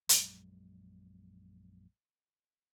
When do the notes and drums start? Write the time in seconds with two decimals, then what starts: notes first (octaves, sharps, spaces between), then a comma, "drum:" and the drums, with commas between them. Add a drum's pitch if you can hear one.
0.09 A#1 F#2 F#3 G#3, drum: hi-hat